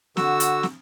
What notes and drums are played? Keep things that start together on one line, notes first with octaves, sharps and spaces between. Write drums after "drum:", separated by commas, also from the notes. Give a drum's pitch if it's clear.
D3 F#4 E6, drum: snare
drum: hi-hat
drum: snare